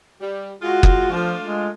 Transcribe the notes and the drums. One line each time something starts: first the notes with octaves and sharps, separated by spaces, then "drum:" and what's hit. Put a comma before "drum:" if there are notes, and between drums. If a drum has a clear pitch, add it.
G3
G#3 F4 F#4
drum: kick F#1
F3 A3 D4 F4
G#3